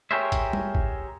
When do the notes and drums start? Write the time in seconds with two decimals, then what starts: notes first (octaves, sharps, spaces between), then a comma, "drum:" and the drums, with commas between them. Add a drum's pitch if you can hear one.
0.11 G4 G#4 A#4 C5 C#5 E5
0.32 drum: kick, hi-hat
0.53 drum: tom G3
0.75 drum: kick